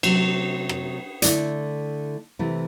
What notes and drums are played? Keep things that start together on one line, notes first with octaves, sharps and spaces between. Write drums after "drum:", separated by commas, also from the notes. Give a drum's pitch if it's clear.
C3 F#3 A3, drum: cymbal
drum: rim click
D3 A3 E4 A4 D5, drum: hi-hat
C3 E3 A3